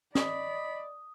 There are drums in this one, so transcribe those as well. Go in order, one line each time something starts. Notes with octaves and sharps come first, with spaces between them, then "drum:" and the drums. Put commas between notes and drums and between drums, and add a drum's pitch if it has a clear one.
D5 D#5 B5 D#6, drum: snare